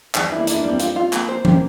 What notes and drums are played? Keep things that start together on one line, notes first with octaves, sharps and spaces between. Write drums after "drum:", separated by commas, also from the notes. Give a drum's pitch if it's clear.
E3 G3, drum: clap
E3
A#3 E4
D4 E4, drum: hi-hat
D4
G3 C4
F4, drum: hi-hat
F4
A#3, drum: clap
C5
A#3 G4, drum: tom E3